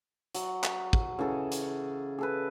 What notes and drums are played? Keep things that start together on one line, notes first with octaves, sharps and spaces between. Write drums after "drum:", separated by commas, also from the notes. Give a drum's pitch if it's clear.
F#3, drum: hi-hat
drum: clap
drum: kick
C#3 E3 G#4 A4
drum: hi-hat
G#4 A4 B4